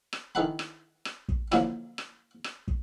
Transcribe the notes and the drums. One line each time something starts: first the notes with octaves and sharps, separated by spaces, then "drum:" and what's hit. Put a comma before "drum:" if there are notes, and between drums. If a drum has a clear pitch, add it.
drum: rim click
D#3 E3 D#4 A4 F#5 B5
drum: rim click
drum: rim click
drum: kick
D3 F3 F#3 A#3 E4, drum: rim click
drum: rim click
drum: rim click
drum: kick